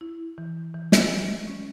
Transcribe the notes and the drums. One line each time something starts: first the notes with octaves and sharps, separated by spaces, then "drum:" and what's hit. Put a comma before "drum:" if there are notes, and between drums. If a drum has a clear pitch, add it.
E4
E3
E3
drum: snare
G#3
C#4